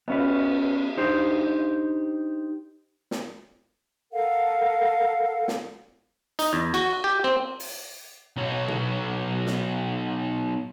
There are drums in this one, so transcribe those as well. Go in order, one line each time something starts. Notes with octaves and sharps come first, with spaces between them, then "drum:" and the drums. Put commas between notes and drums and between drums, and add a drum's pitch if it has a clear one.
B3 C#4 B4, drum: cymbal
D4 D#4 G4 C5
drum: snare
A4 A#4 F5 F#5
drum: snare
D#4, drum: hi-hat
E2
F#4, drum: cymbal
G4
C4
drum: open hi-hat
B1 F#3
drum: tom A#2
drum: snare